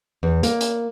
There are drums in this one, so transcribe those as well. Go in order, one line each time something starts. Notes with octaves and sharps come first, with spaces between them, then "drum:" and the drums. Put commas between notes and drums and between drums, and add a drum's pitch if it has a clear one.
E2
A#3, drum: hi-hat
drum: hi-hat